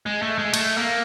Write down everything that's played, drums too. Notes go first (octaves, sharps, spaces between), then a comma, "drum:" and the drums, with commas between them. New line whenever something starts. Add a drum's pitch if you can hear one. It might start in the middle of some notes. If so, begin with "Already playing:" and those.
G#3
A3
G#3
A3, drum: cymbal
A#3